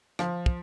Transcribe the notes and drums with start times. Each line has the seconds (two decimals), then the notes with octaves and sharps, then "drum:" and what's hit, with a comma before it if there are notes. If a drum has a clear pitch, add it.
0.19 F3, drum: rim click
0.46 drum: kick